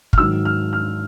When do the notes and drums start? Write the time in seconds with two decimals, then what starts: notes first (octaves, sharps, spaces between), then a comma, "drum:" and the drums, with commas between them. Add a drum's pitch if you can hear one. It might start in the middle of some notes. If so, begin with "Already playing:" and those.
0.13 F6, drum: kick
0.18 G#2 D#3 F#3 E6
0.45 F6
0.73 F6